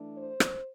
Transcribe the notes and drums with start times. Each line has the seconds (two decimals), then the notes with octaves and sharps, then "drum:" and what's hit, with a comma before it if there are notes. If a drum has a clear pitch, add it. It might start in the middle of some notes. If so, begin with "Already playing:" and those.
Already playing: E3 A3 D4
0.15 C5
0.40 drum: rim click